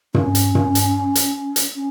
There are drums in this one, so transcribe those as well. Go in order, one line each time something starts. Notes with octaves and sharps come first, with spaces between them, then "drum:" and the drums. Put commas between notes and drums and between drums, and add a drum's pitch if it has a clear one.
C#4, drum: tom
drum: hi-hat
drum: tom
drum: hi-hat
drum: hi-hat
drum: hi-hat
C#4